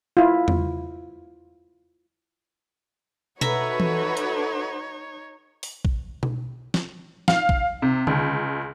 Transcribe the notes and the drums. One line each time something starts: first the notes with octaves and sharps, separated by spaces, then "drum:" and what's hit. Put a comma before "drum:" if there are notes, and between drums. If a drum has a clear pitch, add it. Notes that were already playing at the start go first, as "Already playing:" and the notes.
E4 F4
drum: tom E2
D#4 F#4 A4 B4 C#5 E5 A#5, drum: tom B2
drum: tom E3
drum: hi-hat
drum: open hi-hat
drum: kick A#1
drum: tom B2
drum: snare
F5, drum: snare
drum: kick A#1
C3
C#2, drum: tom D3